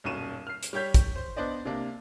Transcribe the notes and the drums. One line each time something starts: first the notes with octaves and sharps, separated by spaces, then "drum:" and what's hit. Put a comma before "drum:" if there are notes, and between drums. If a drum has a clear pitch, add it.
D#1 B1 F#2 C#6 D#7 E7
F6 C7
drum: hi-hat
G3 G4 C#5 G6 B6
drum: kick, hi-hat
C5
B3 D4 C5 D5 D#5
C3 A#3 D4